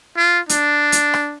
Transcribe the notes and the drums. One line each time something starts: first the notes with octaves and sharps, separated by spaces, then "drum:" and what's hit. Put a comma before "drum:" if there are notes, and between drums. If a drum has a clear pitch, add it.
F4
D4, drum: hi-hat
drum: hi-hat
drum: rim click